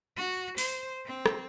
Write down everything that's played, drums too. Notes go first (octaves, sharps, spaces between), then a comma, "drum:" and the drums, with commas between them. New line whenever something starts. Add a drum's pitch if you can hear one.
F#4
C5, drum: open hi-hat
C4
drum: rim click